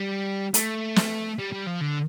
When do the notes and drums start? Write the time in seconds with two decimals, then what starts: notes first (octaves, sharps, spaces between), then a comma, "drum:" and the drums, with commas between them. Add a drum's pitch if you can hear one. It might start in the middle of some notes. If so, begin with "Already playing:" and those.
Already playing: G3
0.54 A3, drum: hi-hat
0.96 drum: snare
1.38 G3
1.52 G3
1.66 F3
1.81 D3